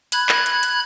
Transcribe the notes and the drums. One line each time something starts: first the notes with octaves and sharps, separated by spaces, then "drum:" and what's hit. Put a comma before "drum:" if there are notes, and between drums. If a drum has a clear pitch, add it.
B5 F#6 G#6, drum: hi-hat
drum: clap
drum: hi-hat
drum: hi-hat